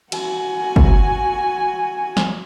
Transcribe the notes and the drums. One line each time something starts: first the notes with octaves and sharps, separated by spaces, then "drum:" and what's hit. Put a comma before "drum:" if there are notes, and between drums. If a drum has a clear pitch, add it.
F#4 G#5, drum: cymbal
drum: kick
drum: snare